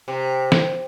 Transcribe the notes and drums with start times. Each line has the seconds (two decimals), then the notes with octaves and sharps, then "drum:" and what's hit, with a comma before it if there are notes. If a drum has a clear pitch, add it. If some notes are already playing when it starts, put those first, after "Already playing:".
0.08 C3
0.52 drum: snare